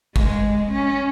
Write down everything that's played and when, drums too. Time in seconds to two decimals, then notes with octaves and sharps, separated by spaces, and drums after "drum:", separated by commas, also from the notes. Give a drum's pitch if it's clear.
0.16 G#3, drum: kick
0.71 C#4